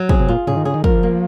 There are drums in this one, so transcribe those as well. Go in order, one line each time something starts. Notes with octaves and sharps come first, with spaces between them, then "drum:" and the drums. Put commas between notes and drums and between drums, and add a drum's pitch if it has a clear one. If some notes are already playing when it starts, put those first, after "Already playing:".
Already playing: F#3
C3 G#4, drum: kick
C3
A#2 F4
C#3 G#4, drum: tom G2
D#3
C#3 G#4
D#3
F3 A#4, drum: kick
A#3